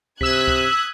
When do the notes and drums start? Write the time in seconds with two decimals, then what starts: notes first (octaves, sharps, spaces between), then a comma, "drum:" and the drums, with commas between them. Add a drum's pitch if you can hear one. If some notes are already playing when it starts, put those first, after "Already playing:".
0.21 C3 D#6 E6 F#6 G#6 B6, drum: kick C#2
0.48 drum: kick C#2